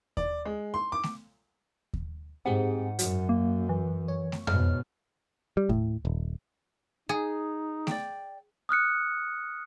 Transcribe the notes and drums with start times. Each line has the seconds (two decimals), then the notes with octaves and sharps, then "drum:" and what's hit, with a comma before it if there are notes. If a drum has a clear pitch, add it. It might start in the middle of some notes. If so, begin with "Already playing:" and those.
0.17 D5, drum: kick D#2
0.45 G#3
0.74 C6
0.92 D6
1.03 drum: snare A3
1.93 drum: kick D#2
2.45 G#2 C4 G4 G#4 F#5
2.99 F#2 F#3, drum: hi-hat
3.29 A#3
3.69 E3
4.08 C#5
4.32 drum: snare A3
4.47 G#2 B2 F6, drum: tom F2
5.57 G3
5.69 A2, drum: kick D#2
6.05 D#1
7.09 D#4 G#4
7.87 D5 G5, drum: snare A3
8.69 D#6 F6 F#6 C#7